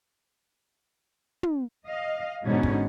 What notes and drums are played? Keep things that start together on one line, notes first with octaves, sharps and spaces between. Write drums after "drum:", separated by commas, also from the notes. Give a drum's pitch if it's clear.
drum: tom
D#5 F5
G#2 B2 D3 C#4
drum: kick